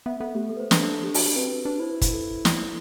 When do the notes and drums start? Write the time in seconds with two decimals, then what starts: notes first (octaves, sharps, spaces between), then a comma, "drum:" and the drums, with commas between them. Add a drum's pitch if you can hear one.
0.06 B3 E5
0.20 B3 A4
0.35 A3 G4
0.49 A4
0.56 B4
0.60 C5
0.71 D4 B4, drum: snare
0.82 A4
0.93 A4
1.04 G4
1.14 F#4, drum: open hi-hat
1.25 G4
1.36 C4 B4
1.51 B4
1.65 D4 B4
1.80 E4 C5
1.90 B4
2.01 drum: kick, hi-hat
2.13 A4
2.23 C5
2.45 drum: snare